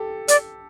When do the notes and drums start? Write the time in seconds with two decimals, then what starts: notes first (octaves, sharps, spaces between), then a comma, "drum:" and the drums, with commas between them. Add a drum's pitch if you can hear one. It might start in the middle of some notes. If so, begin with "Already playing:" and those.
Already playing: G4 A4
0.28 D5, drum: hi-hat